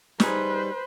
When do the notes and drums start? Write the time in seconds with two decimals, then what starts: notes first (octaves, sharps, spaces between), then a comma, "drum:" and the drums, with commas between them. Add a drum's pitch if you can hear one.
0.20 G3 D#4 G#4 B4 C5, drum: snare